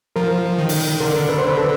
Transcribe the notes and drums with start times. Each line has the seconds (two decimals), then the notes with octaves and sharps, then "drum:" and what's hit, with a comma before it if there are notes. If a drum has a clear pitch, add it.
0.16 F3 A#4
0.58 D#3
0.69 drum: open hi-hat
1.00 D3 A#4
1.29 B4
1.38 C5
1.47 B4
1.57 A4